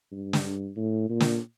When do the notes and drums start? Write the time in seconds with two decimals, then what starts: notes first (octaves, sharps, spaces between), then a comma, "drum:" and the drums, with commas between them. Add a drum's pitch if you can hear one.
0.12 G2
0.33 drum: snare
0.76 A2
1.09 A#2
1.20 drum: snare